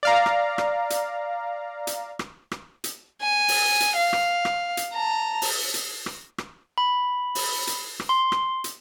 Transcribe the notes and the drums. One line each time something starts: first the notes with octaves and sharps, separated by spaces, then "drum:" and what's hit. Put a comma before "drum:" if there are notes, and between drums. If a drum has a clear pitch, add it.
D5 F5 A#5
drum: rim click
drum: rim click
drum: hi-hat
drum: hi-hat
drum: rim click
drum: rim click
drum: hi-hat
G#5
drum: open hi-hat
drum: hi-hat
F5
drum: rim click
drum: rim click
drum: hi-hat
A5 A#5
drum: open hi-hat
drum: hi-hat
drum: rim click
drum: rim click
B5
drum: open hi-hat
drum: hi-hat
drum: rim click
C6
drum: rim click
drum: hi-hat